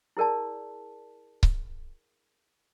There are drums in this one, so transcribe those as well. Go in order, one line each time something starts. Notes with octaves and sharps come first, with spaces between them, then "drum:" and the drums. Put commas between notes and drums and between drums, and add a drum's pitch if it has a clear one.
E4 G#4 A#4 D5 A5
drum: kick C#1